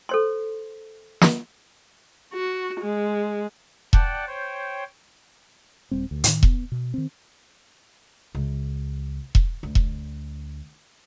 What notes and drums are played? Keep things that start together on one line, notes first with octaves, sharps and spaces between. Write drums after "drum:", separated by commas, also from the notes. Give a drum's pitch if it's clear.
A4 C5 C6
drum: snare
F#4
G#3
D5 F#5 G5 A5, drum: kick E1
C5 C#5 G5
D#1 G3 C4
D2
A2 D#3, drum: hi-hat
B3, drum: kick E1
B2
D#3 C4
C#2
drum: kick E1
D2
drum: kick E1